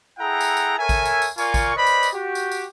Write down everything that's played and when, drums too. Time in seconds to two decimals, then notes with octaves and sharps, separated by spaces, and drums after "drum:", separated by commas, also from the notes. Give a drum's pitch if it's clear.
0.19 E4 G#4 A4 F#5 G5 A#5
0.41 drum: tambourine
0.57 drum: tambourine
0.78 A4 A#4 C#5 E5 G#5
0.89 drum: kick, tambourine
1.05 drum: tambourine
1.22 drum: tambourine
1.38 F4 A#4 D5 G#5 C#6, drum: tambourine
1.54 drum: kick, tambourine
1.76 B4 C5 D5 D#5 B5
1.87 drum: tambourine
2.03 drum: tambourine
2.13 F#4 G4
2.35 drum: tambourine
2.52 drum: tambourine